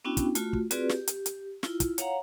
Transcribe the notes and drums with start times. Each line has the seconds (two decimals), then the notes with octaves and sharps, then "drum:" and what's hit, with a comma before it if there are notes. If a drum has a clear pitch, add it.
0.05 B3 C#4 D4 E4 F#4 G5
0.17 drum: kick, hi-hat
0.35 A3 F4 F#4, drum: hi-hat
0.53 drum: kick
0.71 C4 F4 F#4 G#4 B4 D5, drum: hi-hat
0.89 G4, drum: snare
1.08 drum: hi-hat
1.26 drum: hi-hat
1.63 E4 F4, drum: snare
1.80 drum: kick, hi-hat
1.98 C#5 F5 F#5 A#5, drum: hi-hat